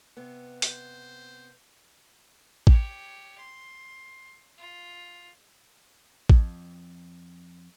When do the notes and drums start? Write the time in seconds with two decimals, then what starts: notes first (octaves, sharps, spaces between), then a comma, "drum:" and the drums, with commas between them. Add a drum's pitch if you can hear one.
0.17 C3 B3
0.62 C5, drum: open hi-hat
2.67 G4 C#5, drum: kick A1
3.38 C6
4.58 F4
6.30 F2, drum: kick A1